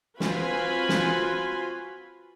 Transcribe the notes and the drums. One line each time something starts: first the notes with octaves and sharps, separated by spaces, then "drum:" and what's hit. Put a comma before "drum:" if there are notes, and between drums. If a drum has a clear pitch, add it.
C4 F4 F#4 B4 G#5 B5, drum: snare
drum: snare